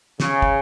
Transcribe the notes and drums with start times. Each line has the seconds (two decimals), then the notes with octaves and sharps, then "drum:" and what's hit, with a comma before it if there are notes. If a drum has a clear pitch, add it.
0.20 C#3, drum: snare
0.42 drum: kick